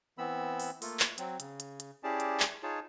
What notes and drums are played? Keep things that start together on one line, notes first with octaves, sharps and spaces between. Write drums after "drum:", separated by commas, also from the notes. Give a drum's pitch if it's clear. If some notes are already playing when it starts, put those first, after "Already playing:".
E3 B3 C4 B5 E6
drum: open hi-hat
A3 A#3 F4 A4, drum: open hi-hat
drum: clap
F#3 C4, drum: hi-hat
C#3, drum: hi-hat
drum: hi-hat
drum: hi-hat
C#4 E4 G4 G#4 D5 A5
drum: hi-hat
drum: clap
D#4 F4 G#4 C#5 A5